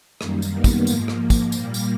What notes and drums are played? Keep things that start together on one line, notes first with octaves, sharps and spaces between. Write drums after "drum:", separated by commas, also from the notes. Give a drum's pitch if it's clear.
F#2 D#3 G3 A#3, drum: rim click
drum: tambourine
B3
drum: kick, tambourine
G#2 F3 A#3, drum: tambourine
drum: rim click
drum: kick, tambourine
A#2 G3, drum: tambourine
drum: tambourine